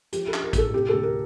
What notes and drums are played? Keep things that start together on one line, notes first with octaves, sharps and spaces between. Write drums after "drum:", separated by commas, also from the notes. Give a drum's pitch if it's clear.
F3 G4, drum: hi-hat
A4
D4, drum: clap
A#4
A2 A4, drum: kick, hi-hat
C3 G4
D2 A4
A#4